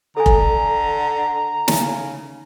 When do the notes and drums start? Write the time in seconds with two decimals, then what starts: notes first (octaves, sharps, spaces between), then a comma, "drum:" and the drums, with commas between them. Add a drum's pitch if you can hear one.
0.17 D3 A4 G#5 A#5
0.26 drum: kick F1
1.68 C#3 D#4, drum: snare